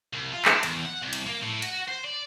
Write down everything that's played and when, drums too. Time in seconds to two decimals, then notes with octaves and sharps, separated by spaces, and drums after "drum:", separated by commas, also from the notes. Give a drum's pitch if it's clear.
0.13 C2
0.33 F4
0.45 D4, drum: clap
0.63 E2, drum: cymbal
0.85 F#5
1.02 C2
1.13 drum: cymbal
1.26 A#3
1.42 A2
1.62 F#4, drum: cymbal
1.88 C5
2.04 D5